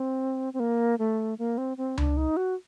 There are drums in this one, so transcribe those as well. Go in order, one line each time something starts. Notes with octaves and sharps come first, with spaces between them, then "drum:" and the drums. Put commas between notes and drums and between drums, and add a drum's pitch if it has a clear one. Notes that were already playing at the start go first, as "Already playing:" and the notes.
Already playing: C4
C4
A#3
A3
A#3
C4
C4
D4, drum: tom C#2
D#4
F#4